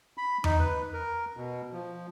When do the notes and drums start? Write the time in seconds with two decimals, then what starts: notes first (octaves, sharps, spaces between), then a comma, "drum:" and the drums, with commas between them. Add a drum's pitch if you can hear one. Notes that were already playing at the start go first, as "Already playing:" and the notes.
0.18 B5
0.44 D#4, drum: tom E2
0.59 B4
0.93 A#4
1.37 B2
1.73 F3